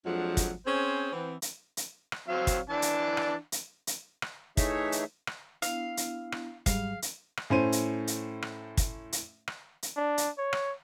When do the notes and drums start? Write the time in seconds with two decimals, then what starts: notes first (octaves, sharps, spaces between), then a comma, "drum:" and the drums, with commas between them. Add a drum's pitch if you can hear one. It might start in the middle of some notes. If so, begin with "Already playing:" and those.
0.05 F2 F3 F#3 G#3 D4 F#5
0.37 drum: kick, hi-hat
0.66 C4 C#4 G#4 C5
1.12 E3 B3 C4
1.42 drum: hi-hat
1.77 drum: hi-hat
2.12 drum: rim click
2.28 F#3 C4 F5
2.47 drum: kick, hi-hat
2.69 E3 D4 A5
2.82 drum: hi-hat
3.17 drum: rim click
3.52 drum: hi-hat
3.87 drum: hi-hat
4.22 drum: rim click
4.57 E3 A3 D#4 G#4 C#5 E5, drum: kick, hi-hat
4.92 drum: hi-hat
5.27 drum: rim click
5.62 B3 D4 E4 F5, drum: hi-hat
5.97 drum: hi-hat
6.32 drum: rim click
6.66 G#2 F#3 G3 G#4 F5, drum: kick, hi-hat
7.02 drum: hi-hat
7.37 drum: rim click
7.50 A2 C#4 C5 D#7
7.72 drum: hi-hat
8.07 drum: hi-hat
8.42 drum: rim click
8.77 drum: kick, hi-hat
9.12 drum: hi-hat
9.48 drum: rim click
9.83 drum: hi-hat
9.96 D4
10.18 drum: hi-hat
10.38 C#5
10.53 drum: rim click